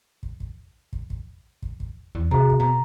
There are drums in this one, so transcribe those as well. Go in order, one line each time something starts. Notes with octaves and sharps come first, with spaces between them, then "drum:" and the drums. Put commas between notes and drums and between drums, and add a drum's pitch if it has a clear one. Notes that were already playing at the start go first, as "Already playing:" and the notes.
drum: kick
drum: kick
drum: kick
drum: kick
drum: kick
drum: kick
E2
C3 F#4 G#4 A#5, drum: kick
drum: kick
B2 A#5